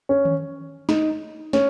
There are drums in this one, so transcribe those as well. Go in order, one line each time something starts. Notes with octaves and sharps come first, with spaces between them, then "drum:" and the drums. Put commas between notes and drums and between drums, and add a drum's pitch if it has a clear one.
C#4
drum: tom D#3
D#4, drum: snare
C#4, drum: snare